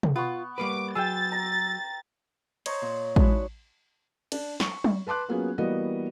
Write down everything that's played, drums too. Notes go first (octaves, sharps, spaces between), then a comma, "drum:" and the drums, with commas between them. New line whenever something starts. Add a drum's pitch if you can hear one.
drum: tom
B3 F4 C#6
G3 A#3 B4 D6
F#3 G#4 G5 E6 A6
A#5
C5 C#5 D#5 A#5 C#6, drum: cymbal
A#2
F#3 G#3 D4 E4 F#4, drum: kick A1
D#4
D4, drum: cymbal
C#6, drum: snare
drum: tom F#3
B4 A5 C6 D6 F#6
F#3 A#3 B3 C#4 F4 G#4
E3 G3 A#3 B3 F#4 D#5